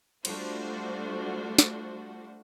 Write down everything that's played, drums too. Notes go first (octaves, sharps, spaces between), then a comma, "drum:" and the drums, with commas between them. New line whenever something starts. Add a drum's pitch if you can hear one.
G3 A3 D4 F4 F#4 C5, drum: cymbal
drum: snare